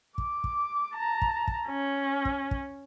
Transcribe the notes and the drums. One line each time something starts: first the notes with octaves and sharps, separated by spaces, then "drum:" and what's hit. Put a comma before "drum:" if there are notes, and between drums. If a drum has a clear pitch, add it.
D6, drum: kick
drum: kick
A5 A#5
drum: kick
drum: kick
C#4
drum: kick
drum: kick